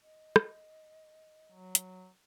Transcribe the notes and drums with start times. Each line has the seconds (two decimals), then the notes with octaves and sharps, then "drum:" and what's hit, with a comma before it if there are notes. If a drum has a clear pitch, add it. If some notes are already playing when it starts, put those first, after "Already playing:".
0.03 D#5
0.36 drum: rim click
1.52 F#3
1.75 drum: hi-hat